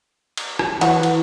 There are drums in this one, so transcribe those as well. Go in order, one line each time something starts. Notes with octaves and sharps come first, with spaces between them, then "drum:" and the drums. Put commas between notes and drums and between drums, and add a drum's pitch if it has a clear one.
drum: cymbal
drum: rim click
E3 F#4 C#5, drum: cymbal
drum: cymbal